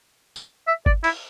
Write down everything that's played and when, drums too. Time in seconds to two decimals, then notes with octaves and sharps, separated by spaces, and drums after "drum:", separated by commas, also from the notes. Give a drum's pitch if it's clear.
0.36 drum: tambourine
0.68 E5
0.86 D5, drum: kick G1
1.04 E4, drum: cymbal